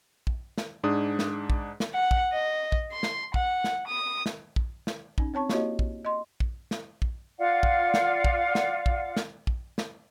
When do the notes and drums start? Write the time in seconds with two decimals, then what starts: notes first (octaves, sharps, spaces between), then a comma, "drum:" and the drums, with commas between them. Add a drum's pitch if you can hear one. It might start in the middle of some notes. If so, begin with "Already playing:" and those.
0.27 drum: kick
0.58 drum: snare
0.83 G#2 D4 G#4 D#6
1.19 drum: snare
1.50 drum: kick
1.80 drum: snare
1.94 F#5
2.11 drum: kick
2.33 D#5
2.72 drum: kick
2.92 C6
3.03 drum: snare
3.34 F#5, drum: kick
3.64 drum: snare
3.87 D#6
4.26 drum: snare
4.56 drum: kick
4.87 drum: snare
5.18 C#4 D#4, drum: kick
5.34 C4 C#5 A5 C#6
5.49 A#3 E4 F#4 G4 C#5 D#5, drum: snare
5.79 drum: kick
6.05 D#5 C6
6.40 drum: kick
6.71 drum: snare
7.02 drum: kick
7.38 F4 D5 F5 F#5
7.63 drum: kick
7.94 drum: snare
8.24 drum: kick
8.55 drum: snare
8.86 drum: kick
9.17 drum: snare
9.47 drum: kick
9.78 drum: snare